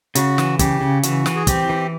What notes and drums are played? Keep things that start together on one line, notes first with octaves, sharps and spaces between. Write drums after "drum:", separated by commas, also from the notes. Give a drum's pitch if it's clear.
C#3 F#4, drum: hi-hat
E3, drum: snare
C#3 G4, drum: kick, hi-hat
C#3
E3 F#4, drum: hi-hat
E3, drum: snare
G#4
C4 G4, drum: kick, hi-hat
E3